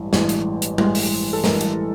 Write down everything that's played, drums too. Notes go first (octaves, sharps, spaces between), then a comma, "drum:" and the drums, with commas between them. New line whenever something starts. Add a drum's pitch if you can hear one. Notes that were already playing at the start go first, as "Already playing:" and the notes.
Already playing: A1 G2 E3 G#3
A1 G2 E3 G#3, drum: snare
drum: hi-hat
drum: hi-hat
A1 G2 E3 G#3, drum: tom
drum: open hi-hat
A4
A1 G2 E3 G#3 A#4, drum: snare
drum: hi-hat